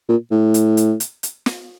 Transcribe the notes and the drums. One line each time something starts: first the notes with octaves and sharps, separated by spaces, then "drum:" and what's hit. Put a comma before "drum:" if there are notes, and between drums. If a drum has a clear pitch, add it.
A#2
A2
drum: hi-hat
drum: hi-hat
drum: hi-hat
drum: hi-hat
drum: snare